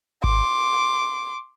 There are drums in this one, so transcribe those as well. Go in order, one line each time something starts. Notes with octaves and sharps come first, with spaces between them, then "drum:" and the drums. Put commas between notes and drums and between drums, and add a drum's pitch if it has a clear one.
C6 D6, drum: kick G#1